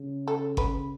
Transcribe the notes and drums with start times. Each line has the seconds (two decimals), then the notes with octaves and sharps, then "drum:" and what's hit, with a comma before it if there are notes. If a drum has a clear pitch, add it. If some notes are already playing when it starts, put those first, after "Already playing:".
Already playing: C#3
0.28 A4
0.57 C#3 B4, drum: kick G1